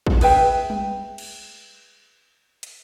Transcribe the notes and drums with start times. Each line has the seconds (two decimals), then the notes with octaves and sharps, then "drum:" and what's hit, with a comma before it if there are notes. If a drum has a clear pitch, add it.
0.07 drum: kick
0.21 G#4 B4 E5 G5, drum: cymbal
0.70 drum: tom G3
1.18 drum: cymbal
2.63 drum: hi-hat